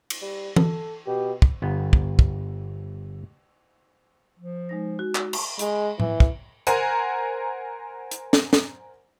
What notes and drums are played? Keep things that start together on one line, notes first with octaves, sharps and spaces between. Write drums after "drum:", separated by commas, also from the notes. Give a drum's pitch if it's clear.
drum: cymbal
G3
A4, drum: tom E3
B2 G4
drum: kick
G1 B3
drum: kick
drum: kick
F3
G#3 D#4 A#6
F#4
drum: clap
drum: cymbal
G#3, drum: hi-hat
E3, drum: tom A2
drum: kick
A#4 C5 F#5 G#5 A#5, drum: hi-hat
drum: hi-hat
drum: snare
drum: snare